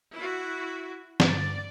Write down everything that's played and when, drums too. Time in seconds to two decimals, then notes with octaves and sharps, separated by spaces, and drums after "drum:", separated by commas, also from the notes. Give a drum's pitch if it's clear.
0.12 E4 F#4
1.20 G2 D3 D5, drum: snare